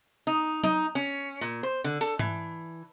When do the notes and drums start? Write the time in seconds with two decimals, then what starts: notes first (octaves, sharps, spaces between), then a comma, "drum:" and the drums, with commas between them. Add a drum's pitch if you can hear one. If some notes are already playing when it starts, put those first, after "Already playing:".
0.27 D#4
0.63 D#4, drum: tom F#3
0.95 C#4
1.41 A#2
1.63 C5
1.84 D3
2.01 A4, drum: open hi-hat
2.19 E3, drum: tom G#2